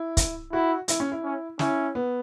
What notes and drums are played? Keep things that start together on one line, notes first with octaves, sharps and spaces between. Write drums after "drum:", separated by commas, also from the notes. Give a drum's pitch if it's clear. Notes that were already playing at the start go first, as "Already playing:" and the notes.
Already playing: E4
drum: kick, hi-hat
E4 F#4
E4, drum: hi-hat
C#4
E4
C#4
C#4 E4, drum: snare
B3